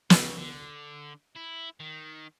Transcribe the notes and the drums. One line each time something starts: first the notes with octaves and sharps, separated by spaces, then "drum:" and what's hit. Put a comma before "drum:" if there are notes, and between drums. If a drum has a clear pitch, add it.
C#3, drum: snare
D3
E4
D#3